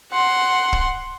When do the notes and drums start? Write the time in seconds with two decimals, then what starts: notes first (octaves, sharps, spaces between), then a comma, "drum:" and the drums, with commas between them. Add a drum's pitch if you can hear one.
0.12 F#5 C6
0.73 drum: kick